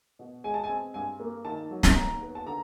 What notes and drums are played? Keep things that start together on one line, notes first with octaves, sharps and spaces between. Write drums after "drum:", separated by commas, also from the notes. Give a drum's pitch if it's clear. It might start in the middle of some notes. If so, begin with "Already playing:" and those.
B2
G#3 G#5
A5
G#5
C4
G2 G#5
A#3
D#3 A5
F#3
drum: snare
D#2 A#5
B3
A5
D3 A#5